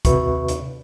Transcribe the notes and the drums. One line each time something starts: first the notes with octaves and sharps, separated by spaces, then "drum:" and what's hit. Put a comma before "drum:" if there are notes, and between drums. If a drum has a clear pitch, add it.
D#2 C3 F#4 B4 E5 C#6, drum: kick C2, hi-hat
drum: hi-hat